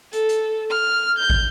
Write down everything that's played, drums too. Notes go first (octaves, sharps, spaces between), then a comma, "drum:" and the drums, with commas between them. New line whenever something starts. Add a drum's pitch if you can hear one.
A4, drum: hi-hat
drum: hi-hat
F6
G6
drum: kick